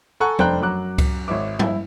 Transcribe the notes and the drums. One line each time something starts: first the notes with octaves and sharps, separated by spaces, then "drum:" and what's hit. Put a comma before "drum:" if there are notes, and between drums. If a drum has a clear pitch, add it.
A4 F#5 G#5 A#5 C#6 F#6
F1 D4 C5 G5 A#5 F#6, drum: tom F3
F#2 F#3 A#5 D6 F#6
drum: kick C#2, cymbal
G#1 C#5 E5 D6
E4, drum: tom